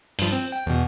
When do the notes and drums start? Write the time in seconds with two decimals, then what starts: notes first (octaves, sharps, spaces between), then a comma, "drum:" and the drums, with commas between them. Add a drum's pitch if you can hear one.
0.19 G2 F3, drum: open hi-hat
0.32 C4
0.52 G5
0.66 E2 B2